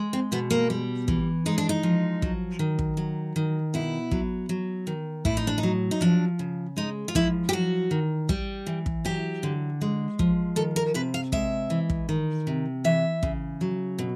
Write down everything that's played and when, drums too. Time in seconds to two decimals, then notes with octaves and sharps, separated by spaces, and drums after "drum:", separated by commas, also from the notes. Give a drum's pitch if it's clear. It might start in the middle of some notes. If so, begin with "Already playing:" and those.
Already playing: G#3
0.13 C4
0.32 B2 B3
0.50 A#3
0.70 G3
1.08 E3, drum: kick
1.46 G#3 D#4
1.58 D4
1.69 D#4
1.83 F3
2.22 F#3, drum: kick
2.59 D#3
2.79 drum: kick
2.97 F#3
3.36 D#3
3.74 B2 E4
4.11 F#3, drum: kick
4.49 F#3
4.87 D#3
5.25 A2 E4, drum: kick
5.37 D#4
5.47 D4
5.58 D#4
5.63 F#3
5.91 D#4
6.01 F3 D4
6.39 C#3
6.76 G#3 D#4
7.08 F4
7.15 F3 E4, drum: kick
7.49 G4
7.53 F#3 F#4
7.91 D#3
8.29 G3, drum: kick
8.66 E3
8.86 drum: kick
9.05 F#3 G4
9.43 D3
9.81 G#3
10.19 F3, drum: kick
10.56 D#3 A4
10.76 A#4
10.94 C3 B4
11.14 F5
11.32 G#3 E5, drum: kick
11.70 E3
11.90 drum: kick
12.09 D#3
12.47 C3
12.84 E3 E5
13.23 C#3, drum: kick
13.61 F#3
13.99 B2